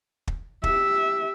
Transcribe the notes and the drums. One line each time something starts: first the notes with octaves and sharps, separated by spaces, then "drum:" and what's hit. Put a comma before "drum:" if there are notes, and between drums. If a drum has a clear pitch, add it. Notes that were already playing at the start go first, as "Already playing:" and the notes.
drum: kick
G4 E5, drum: kick